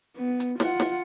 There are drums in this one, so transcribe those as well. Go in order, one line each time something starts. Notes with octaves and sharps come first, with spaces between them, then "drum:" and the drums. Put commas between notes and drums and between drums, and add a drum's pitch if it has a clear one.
B3
drum: hi-hat
F4 F#5, drum: snare
drum: snare